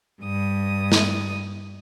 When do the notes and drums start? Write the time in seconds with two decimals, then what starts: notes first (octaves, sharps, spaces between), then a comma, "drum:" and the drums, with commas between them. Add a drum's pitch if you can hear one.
0.22 G2 D#6
0.92 drum: snare